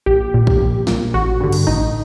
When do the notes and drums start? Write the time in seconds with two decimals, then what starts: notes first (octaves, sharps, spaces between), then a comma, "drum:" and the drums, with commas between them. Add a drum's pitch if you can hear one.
0.06 A#1 G4
0.34 A#2
0.47 drum: kick
0.60 A#1
0.87 A#2, drum: snare
1.14 A1 F#4
1.40 G2 D3
1.52 drum: cymbal
1.67 A1 D#4